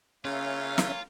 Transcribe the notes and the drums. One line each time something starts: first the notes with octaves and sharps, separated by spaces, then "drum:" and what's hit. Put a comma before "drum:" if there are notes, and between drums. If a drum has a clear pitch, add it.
C#3 A#3 C#4 F4 C#5 E5 G#5
drum: snare